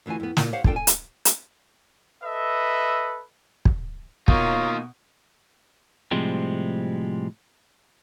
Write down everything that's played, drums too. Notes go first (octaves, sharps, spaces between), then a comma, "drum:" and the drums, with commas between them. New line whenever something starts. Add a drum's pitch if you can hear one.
D2 E3 F4 F#4 G#5
F2 B3
A#2 E4 F4, drum: snare
G4 C5 C#5 F5 F#5
A#2 D4 F4 A4 G5, drum: kick
G#5
drum: hi-hat
drum: hi-hat
A4 B4 D#5 E5
drum: kick
B2 A#3 D#4 F4 A#4 C#5 C#6, drum: kick
A2 C3 F3 G3 G#3 C4